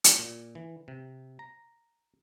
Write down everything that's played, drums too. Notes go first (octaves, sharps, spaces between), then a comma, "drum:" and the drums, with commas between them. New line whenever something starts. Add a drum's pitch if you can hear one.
drum: hi-hat
A#2
E3
C3
A#5